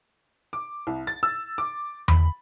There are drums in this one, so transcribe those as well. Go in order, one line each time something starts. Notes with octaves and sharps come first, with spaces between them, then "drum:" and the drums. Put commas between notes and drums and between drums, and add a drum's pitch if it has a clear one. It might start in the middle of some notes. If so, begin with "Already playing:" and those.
D6
C2
A6
E6
D6
B5, drum: tom E2